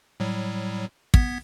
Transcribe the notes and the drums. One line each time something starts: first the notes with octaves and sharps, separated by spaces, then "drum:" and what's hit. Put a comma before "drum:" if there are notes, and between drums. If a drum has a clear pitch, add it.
A2 F#3 G3
B3 G#6 B6, drum: kick